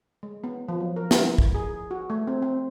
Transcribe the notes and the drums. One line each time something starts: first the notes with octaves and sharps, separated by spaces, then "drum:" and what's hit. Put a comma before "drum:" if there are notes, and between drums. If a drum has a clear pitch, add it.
G#3
B3
F3
F#3
A#4
E4, drum: snare
drum: kick
G#4
F#4
A3
C4
C4